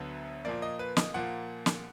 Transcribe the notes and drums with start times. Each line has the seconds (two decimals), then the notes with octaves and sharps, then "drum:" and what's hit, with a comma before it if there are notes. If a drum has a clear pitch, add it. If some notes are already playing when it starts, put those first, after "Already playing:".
Already playing: D2 D3 F#3 B3
0.45 A#2 F3 A#3 D5
0.62 D#5
0.79 B4
0.97 D#5, drum: snare
1.14 A#2 F3 A#3 F#5
1.66 drum: snare